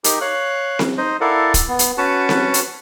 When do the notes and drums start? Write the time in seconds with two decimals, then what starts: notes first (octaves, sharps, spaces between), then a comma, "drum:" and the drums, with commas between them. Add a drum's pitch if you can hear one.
0.04 D#4 G4 A#4, drum: hi-hat
0.21 C#5 F5 F#6
0.79 drum: snare C4
0.98 D#4 C5 D#5
1.21 E4 A4 A#4 D5 F5 F#5
1.54 drum: kick, hi-hat
1.68 B3
1.79 drum: hi-hat
1.98 C#4 F#4 B4 F#5 A5 C#6
2.29 drum: snare C4
2.54 drum: hi-hat